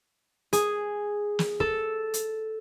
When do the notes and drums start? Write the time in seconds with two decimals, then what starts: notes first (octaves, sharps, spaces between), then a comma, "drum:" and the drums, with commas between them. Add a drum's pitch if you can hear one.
0.53 G#4, drum: hi-hat
1.39 drum: snare
1.60 A4, drum: kick
2.14 drum: hi-hat